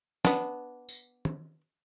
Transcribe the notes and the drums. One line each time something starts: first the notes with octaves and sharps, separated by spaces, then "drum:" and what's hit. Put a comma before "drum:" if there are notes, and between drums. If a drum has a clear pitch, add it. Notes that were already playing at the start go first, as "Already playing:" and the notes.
B3 D4, drum: snare
drum: tambourine
drum: tom